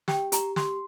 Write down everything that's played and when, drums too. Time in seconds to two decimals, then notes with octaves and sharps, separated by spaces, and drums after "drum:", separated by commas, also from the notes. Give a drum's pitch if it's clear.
0.08 G4 G5, drum: snare
0.32 G4 A#5, drum: hi-hat
0.56 G4 C6, drum: snare